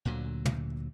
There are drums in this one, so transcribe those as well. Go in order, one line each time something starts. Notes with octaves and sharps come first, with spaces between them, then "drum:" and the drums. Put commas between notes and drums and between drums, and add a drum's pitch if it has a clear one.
D2 A#2 D3 F#3
drum: tom